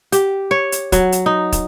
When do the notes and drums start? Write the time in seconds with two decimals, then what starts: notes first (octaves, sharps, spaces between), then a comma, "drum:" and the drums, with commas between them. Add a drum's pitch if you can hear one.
0.12 G4, drum: hi-hat
0.51 C#5
0.72 drum: hi-hat
0.92 F#3, drum: kick, hi-hat
1.12 drum: hi-hat
1.26 D#4
1.52 drum: kick, hi-hat